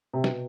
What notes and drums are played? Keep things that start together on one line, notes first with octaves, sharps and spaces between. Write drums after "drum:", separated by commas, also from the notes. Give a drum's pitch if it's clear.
C3
B2, drum: snare